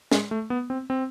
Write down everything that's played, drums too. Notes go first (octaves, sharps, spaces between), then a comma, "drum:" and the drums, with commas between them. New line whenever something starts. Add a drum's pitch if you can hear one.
G#3, drum: snare
A3
B3
C4
C4